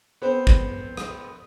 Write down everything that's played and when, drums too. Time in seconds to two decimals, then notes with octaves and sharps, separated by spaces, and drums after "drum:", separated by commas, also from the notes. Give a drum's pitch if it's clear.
0.22 B3 C4 C5
0.47 drum: kick
0.97 drum: rim click